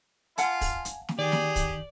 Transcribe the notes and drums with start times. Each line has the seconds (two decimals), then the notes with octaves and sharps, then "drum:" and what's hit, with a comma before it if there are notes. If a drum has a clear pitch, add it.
0.38 F4 F5 F#5 G#5 A5, drum: hi-hat
0.61 drum: kick, open hi-hat
0.85 drum: hi-hat
1.09 drum: snare
1.19 D#3 G4 G#4 D5
1.32 drum: snare
1.56 drum: kick, hi-hat